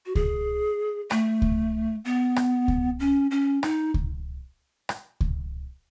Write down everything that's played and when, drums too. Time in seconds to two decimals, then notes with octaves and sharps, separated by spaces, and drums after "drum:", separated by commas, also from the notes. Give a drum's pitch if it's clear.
0.06 F#4
0.15 G#4, drum: kick C#2
1.11 A3, drum: rim click
1.42 drum: kick C#2
2.05 B3
2.36 drum: rim click
2.68 drum: kick C#2
3.00 C#4
3.31 C#4
3.63 D#4, drum: rim click
3.94 drum: kick C#2
4.89 drum: rim click
5.20 drum: kick C#2